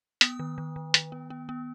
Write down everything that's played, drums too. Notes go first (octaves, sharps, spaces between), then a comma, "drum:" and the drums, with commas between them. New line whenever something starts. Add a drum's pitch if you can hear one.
B3 D#6, drum: hi-hat
D#3
D#3
D#3
D#3, drum: hi-hat
B3
B3
B3